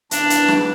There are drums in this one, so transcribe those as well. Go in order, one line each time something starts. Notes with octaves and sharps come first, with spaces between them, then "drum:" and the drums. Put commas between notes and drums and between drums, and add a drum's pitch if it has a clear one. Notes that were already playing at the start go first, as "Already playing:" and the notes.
E3 B3 D4 E4 B4, drum: hi-hat
drum: hi-hat
drum: rim click